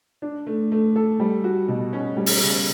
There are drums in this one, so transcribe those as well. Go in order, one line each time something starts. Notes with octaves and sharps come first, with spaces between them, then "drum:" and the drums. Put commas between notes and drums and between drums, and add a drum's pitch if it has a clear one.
D4
A3
A3
A4
G3
F#4
B2
C#4
G3
drum: open hi-hat
C#3